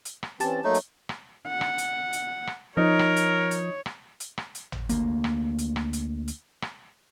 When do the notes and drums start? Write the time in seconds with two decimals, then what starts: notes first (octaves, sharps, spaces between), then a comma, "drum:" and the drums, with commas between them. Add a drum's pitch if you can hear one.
0.05 drum: hi-hat
0.23 drum: rim click
0.40 E3 C4 C#4 G4 A5, drum: hi-hat
0.64 F#3 A3 A#3 D#4 C#5
0.75 drum: hi-hat
1.09 drum: rim click
1.47 F#5
1.61 drum: rim click
1.78 drum: hi-hat
2.13 drum: hi-hat
2.47 drum: rim click
2.77 F3 D#4 A#4 C#5
2.99 drum: rim click
3.17 drum: hi-hat
3.51 drum: hi-hat
3.86 drum: rim click
4.20 drum: hi-hat
4.38 drum: rim click
4.55 drum: hi-hat
4.72 drum: tom
4.89 D2 A#3, drum: hi-hat
5.24 drum: rim click
5.59 drum: hi-hat
5.76 drum: rim click
5.93 drum: hi-hat
6.28 drum: hi-hat
6.62 drum: rim click